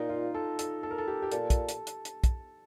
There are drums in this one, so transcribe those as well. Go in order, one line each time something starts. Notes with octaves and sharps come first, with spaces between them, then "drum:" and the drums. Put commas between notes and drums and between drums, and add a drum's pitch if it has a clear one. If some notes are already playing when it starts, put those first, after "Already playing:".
Already playing: A#2 D#4
F4
A4
A4, drum: hi-hat
A4
A#4
A4
G4
G4
A#2 A4, drum: hi-hat
drum: kick, hi-hat
drum: hi-hat
drum: hi-hat
drum: hi-hat
drum: kick, hi-hat